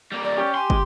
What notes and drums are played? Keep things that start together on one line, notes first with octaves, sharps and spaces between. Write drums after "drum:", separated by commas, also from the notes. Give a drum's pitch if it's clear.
G3 A#3
D5
C#4 G4
G#5 C6
G#3, drum: kick